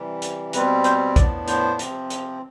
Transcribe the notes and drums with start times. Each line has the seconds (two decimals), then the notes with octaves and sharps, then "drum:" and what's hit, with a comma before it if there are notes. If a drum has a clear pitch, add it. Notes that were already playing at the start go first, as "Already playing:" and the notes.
Already playing: C3 E3 G3
0.22 drum: hi-hat
0.53 B2 G3 C4 B4, drum: hi-hat
0.84 C5, drum: hi-hat
1.16 A2 F3 B3 D4 D5, drum: kick A#1, hi-hat
1.48 C5, drum: hi-hat
1.79 C3 F3 C4, drum: hi-hat
2.10 drum: hi-hat